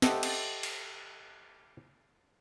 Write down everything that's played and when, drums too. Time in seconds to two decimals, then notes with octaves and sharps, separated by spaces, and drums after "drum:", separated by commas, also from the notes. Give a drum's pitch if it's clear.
0.02 G4 A4 C5 D#5 E5 F#5, drum: snare
0.23 drum: cymbal
0.63 drum: cymbal